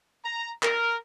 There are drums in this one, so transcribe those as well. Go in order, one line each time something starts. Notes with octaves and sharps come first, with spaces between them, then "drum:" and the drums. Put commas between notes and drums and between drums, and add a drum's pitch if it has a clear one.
A#5
A#4, drum: clap